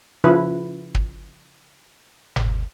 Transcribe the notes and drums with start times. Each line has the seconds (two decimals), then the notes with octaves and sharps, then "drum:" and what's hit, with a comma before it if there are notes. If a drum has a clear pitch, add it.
0.24 C#3 F3 E4 B4
0.95 drum: kick
2.36 drum: tom G1